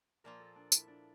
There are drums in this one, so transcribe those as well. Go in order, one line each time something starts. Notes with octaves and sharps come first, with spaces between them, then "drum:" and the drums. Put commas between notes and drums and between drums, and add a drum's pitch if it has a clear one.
A#2 F3 A#3 F4 A#4
A4
D4
E4, drum: tambourine
D4